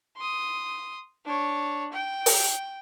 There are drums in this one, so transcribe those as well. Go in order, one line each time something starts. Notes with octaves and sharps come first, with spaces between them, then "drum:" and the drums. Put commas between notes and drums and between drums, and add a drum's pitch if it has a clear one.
C6 D#6
D4 C#5
G5
drum: open hi-hat